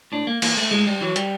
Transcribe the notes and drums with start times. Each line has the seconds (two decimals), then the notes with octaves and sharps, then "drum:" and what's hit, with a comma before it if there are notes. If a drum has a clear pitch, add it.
0.12 A2 D4
0.27 A#3
0.42 E3 A#3, drum: cymbal
0.57 A3
0.71 A2 G#3
0.87 G3
1.01 E3 F#3
1.16 G3, drum: hi-hat